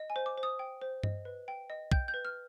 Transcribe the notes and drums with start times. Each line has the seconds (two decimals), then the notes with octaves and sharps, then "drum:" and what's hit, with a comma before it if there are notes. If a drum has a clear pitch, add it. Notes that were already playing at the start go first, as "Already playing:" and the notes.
Already playing: D#5
0.10 G#5
0.16 C5
0.26 D6
0.38 C5
0.43 D#6
0.59 G5
0.81 C5
1.03 D#5, drum: tom G2
1.25 B4
1.48 G5
1.70 D#5
1.92 G5 G6, drum: kick
2.08 G6
2.14 B4
2.25 F6